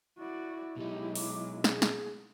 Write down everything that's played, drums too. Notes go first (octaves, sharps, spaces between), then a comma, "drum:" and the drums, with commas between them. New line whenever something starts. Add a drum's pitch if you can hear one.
E4 F#4 D5
B2 F#3 G#3 D#4 G4
D6, drum: open hi-hat
G#4, drum: snare
drum: snare